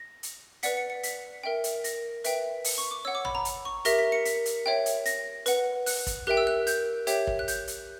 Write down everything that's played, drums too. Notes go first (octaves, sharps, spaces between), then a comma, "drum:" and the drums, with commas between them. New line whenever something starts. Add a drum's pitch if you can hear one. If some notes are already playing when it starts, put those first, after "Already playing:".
Already playing: A#6
drum: hi-hat
B4 D5 F#5 B6, drum: hi-hat
C#7
C#7
B6, drum: hi-hat
A#4 E5 G5
drum: hi-hat
A#6, drum: hi-hat
B4 E5 G5, drum: hi-hat
drum: open hi-hat
C#6
D6
C#5 F#5 E6
D6
B5, drum: tom
A#5
drum: hi-hat
C#6
G4 A#4 E5 A#6, drum: hi-hat
B6
C#7
B6, drum: hi-hat
drum: hi-hat
C#5 E5 G5
drum: hi-hat
A#6, drum: hi-hat
B4 F#5, drum: hi-hat
F#6, drum: open hi-hat
drum: kick, hi-hat
G4 A#4 E5 G5 F#6
E6
F#6
G6, drum: hi-hat
G4 C#5 E5 G5, drum: hi-hat
drum: kick
F#6
G6, drum: hi-hat
drum: hi-hat